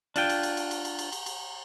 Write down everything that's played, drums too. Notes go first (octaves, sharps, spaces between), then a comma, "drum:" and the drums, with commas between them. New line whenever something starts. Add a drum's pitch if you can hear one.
D4 F4 G5, drum: cymbal
drum: cymbal
drum: cymbal
drum: cymbal
drum: cymbal
drum: cymbal
drum: cymbal
drum: cymbal
drum: cymbal